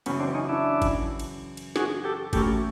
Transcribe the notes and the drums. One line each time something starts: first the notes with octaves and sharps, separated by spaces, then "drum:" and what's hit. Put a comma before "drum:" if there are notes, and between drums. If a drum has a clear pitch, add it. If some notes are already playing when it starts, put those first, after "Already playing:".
F#2 C#3 E3 B3 C#4, drum: cymbal
C4 D4
C#4 D#4
D4 E4
drum: kick, cymbal
drum: cymbal
drum: cymbal
F#4 G#4, drum: snare
G4 A4
E3 A3 C#4 F#4 G4 A4 A#4, drum: kick, cymbal